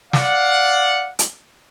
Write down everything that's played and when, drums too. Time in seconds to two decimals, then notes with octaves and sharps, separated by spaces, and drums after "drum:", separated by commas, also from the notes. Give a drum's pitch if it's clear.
0.13 D5 F5 F#5, drum: snare
1.19 drum: hi-hat